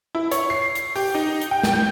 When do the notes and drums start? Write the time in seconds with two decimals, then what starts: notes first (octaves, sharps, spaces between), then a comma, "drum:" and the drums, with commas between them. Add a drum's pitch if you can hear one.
0.15 E4
0.32 C#5, drum: hi-hat
0.50 C7
0.75 drum: hi-hat
0.96 G4, drum: open hi-hat
1.15 D#4
1.41 drum: hi-hat
1.51 G5
1.63 drum: snare
1.73 G6